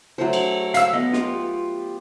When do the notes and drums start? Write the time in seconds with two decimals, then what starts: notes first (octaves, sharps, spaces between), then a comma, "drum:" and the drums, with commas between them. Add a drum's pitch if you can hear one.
0.18 F#3 A3 C5
0.33 drum: cymbal
0.74 F5 B5 E6, drum: hi-hat
0.94 B3 D#5
1.13 F4 G4, drum: snare